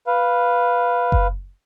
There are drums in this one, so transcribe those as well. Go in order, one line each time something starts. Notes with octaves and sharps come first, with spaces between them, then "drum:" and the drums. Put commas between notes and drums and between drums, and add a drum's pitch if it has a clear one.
B4 F5
drum: kick F#1